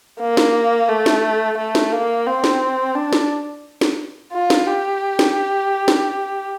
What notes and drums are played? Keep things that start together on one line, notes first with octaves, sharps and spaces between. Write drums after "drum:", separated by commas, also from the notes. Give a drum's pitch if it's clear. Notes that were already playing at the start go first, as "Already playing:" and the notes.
A#3
drum: snare
A3
drum: snare
A3
drum: snare
A#3
C4
drum: snare
D4
drum: snare
drum: snare
F4
drum: snare
G4
drum: snare
drum: snare